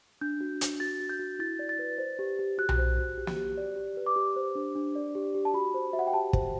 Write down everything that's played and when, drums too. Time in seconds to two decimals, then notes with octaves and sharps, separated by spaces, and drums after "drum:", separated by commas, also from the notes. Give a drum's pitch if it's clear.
0.21 D4 G6
0.41 F#4
0.61 D4, drum: hi-hat
0.80 F#4 A6
1.00 F#4
1.09 G6
1.19 F#4
1.39 E4 A6
1.59 D5
1.69 A6
1.79 B4
1.98 C5
2.19 G4
2.39 G4
2.58 F#4 F#6
2.69 drum: tom B1
2.78 C5
2.98 F#4
3.18 G4
3.27 drum: snare
3.37 G4
3.57 D5
3.76 G4
3.97 B4
4.06 D6
4.16 G4
4.36 C5
4.55 D4
4.75 D4
4.96 D5
5.15 G4
5.35 G4
5.45 A5
5.54 F#4 B5
5.74 C5
5.93 F#4 E5
5.99 F#5
6.07 G5
6.13 G4 A5
6.33 C5, drum: kick